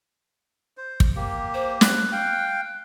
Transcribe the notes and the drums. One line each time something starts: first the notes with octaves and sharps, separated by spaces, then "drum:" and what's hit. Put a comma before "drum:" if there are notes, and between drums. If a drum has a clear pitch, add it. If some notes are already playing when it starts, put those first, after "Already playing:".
C5
drum: kick
A#3 G4
C5
F#6, drum: snare
F5 G5